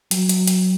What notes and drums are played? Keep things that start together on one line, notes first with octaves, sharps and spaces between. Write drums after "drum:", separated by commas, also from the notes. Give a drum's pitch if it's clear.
F#3, drum: hi-hat
drum: hi-hat
drum: hi-hat